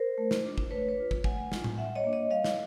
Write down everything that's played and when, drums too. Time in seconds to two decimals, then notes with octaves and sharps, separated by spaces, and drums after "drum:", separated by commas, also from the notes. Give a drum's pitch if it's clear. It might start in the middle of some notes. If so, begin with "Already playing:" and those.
Already playing: A#4 C5
0.18 A3
0.31 drum: snare
0.44 D4 F4
0.58 drum: kick
0.70 A3 B4 C#5
0.88 B4 C#5
0.97 D4 F4
1.11 drum: kick
1.24 A3 F#5 G#5, drum: kick
1.52 D4 F4, drum: snare
1.64 drum: tom A2
1.77 G3 E5 F#5
1.95 C#5 D#5
2.04 A#3 D4
2.13 C#5 D#5
2.30 G3 D#5 F5
2.44 drum: snare